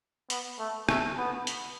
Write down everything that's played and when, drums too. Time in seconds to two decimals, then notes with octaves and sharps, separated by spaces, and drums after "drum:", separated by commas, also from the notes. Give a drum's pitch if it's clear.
0.30 B3, drum: hi-hat
0.59 A3
0.89 A3, drum: rim click
1.18 B3
1.47 drum: hi-hat